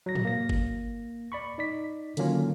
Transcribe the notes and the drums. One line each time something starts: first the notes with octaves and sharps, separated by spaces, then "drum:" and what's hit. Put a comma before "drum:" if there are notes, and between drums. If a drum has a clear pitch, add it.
F#3 A#6
drum: tom
A#3 A#6
drum: kick G1
D5 B5 C#6
D#4 D5 B6
D3 D#3 F#3 A#3 C#4 F4, drum: hi-hat